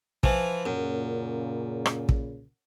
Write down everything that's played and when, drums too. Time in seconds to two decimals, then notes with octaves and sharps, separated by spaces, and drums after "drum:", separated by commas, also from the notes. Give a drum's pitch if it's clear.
0.23 E3 F3, drum: kick
0.66 F#2 A#2 C#3
1.86 drum: rim click
2.09 drum: kick